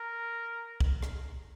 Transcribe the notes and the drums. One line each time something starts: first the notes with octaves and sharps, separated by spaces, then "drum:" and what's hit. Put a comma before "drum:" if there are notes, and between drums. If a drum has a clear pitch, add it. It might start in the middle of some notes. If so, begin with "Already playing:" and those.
Already playing: A#4
drum: kick C2
drum: rim click